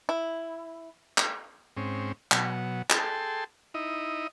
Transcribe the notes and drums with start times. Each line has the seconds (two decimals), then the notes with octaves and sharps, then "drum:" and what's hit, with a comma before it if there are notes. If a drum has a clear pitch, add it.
0.09 E4
1.18 drum: clap
1.77 G#2 C4 C#4
2.32 B2 F#3, drum: clap
2.90 G#4 A4 G5 A5 C6, drum: clap
3.74 D#4 E4 D#5